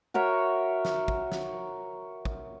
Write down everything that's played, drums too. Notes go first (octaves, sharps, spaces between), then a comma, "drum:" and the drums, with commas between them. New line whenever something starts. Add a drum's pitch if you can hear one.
F#4 A#4 C#5 E5
drum: snare
drum: kick
drum: snare
drum: kick